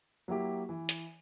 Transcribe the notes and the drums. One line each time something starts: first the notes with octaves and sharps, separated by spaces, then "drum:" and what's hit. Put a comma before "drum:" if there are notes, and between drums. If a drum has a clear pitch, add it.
F#3 A#3 E4 G4
E3
drum: hi-hat